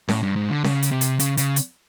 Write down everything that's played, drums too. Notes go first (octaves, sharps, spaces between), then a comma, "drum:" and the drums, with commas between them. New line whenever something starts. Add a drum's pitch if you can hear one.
A2, drum: snare C#4
G2
G#2
D3
C#3, drum: snare C#4
drum: hi-hat
C3
drum: hi-hat
C#3, drum: hi-hat
C#3, drum: hi-hat
drum: hi-hat